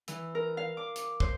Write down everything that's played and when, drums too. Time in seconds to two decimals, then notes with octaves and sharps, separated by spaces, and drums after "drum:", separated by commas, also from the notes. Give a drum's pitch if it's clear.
0.08 E3, drum: hi-hat
0.35 A#4
0.57 F5
0.77 D6
0.96 drum: hi-hat
1.20 C5, drum: kick